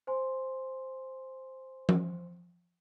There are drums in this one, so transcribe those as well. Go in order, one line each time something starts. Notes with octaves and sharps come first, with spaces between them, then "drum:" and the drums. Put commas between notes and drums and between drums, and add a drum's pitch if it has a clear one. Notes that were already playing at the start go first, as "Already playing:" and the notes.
C5 G#5 C6
drum: tom F3